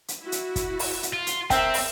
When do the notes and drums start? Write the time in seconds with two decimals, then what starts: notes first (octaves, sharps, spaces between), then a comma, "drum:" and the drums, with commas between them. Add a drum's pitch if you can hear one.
0.08 drum: hi-hat
0.21 E4 F#4
0.32 drum: hi-hat
0.56 drum: kick, hi-hat
0.79 drum: open hi-hat
1.03 drum: hi-hat
1.13 F4
1.27 drum: hi-hat
1.50 C4 A#4 C5 E5 G5, drum: kick, hi-hat
1.74 drum: open hi-hat